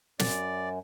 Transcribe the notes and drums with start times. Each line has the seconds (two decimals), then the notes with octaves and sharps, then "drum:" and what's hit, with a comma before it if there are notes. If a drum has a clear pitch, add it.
0.19 F#2 D5, drum: snare